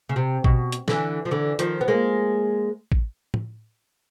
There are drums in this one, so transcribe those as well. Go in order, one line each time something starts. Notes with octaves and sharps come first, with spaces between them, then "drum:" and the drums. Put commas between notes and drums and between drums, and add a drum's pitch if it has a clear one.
C#3
C3
B2, drum: kick
drum: hi-hat
D3 E3, drum: snare
F3
D3 E3
D#3 F3, drum: hi-hat
B3
G#3 A#3
drum: kick
drum: tom